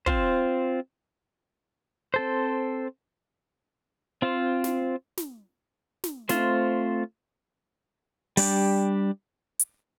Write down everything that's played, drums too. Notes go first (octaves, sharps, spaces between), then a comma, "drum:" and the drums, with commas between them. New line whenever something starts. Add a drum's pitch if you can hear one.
C4 F4 C5, drum: kick
C4 A4 C5
C4 F4 C5
drum: snare
drum: snare
drum: snare
A3 C4 F4 C5, drum: snare
G3 D4 G4, drum: open hi-hat
drum: hi-hat